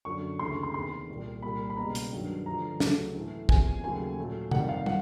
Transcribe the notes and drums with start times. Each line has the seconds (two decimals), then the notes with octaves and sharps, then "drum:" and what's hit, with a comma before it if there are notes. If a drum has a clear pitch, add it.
0.05 F#2 D3 F#3 C#6
0.39 D2 C#3 E3 C6
0.51 C#6
0.63 C6
0.74 E2 C3 D#3 C6
1.09 C2 A#2 G3
1.42 C2 A#2 G3 B5
1.70 B5
1.77 C#2 B2 G3 A#5
1.95 drum: hi-hat
2.12 G2 D#3 F#3
2.46 G2 D3 F3 A3 A#5
2.80 D2 C#3 F#3 A3, drum: snare
3.15 A2 E3 A3
3.49 E2 C3 F3 G#5, drum: kick
3.84 D#2 C#3 F#3 A3 G#5
4.18 A#2 F#3 A3
4.51 F2 C3 D#3 G3 F#5, drum: tom C3
4.69 F5
4.86 F#5, drum: tom